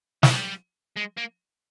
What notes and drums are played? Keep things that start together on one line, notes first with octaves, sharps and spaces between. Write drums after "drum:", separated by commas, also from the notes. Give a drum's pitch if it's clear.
F3, drum: snare
G3
G#3
A#3